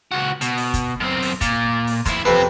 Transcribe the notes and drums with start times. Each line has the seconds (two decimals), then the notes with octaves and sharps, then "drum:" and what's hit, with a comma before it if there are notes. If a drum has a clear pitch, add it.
0.12 C#2 F#4
0.41 B2, drum: hi-hat
0.57 drum: open hi-hat
0.74 drum: kick, hi-hat
1.00 F#2 C4
1.22 drum: open hi-hat
1.41 A#2, drum: kick, hi-hat
1.87 drum: open hi-hat
2.06 F2 E4 C6, drum: kick, hi-hat
2.25 F2 C3 C4 A4 B4